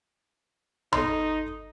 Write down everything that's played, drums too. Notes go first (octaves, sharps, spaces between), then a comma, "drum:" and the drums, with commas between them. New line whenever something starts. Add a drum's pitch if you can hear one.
D#4 A4 C6, drum: tom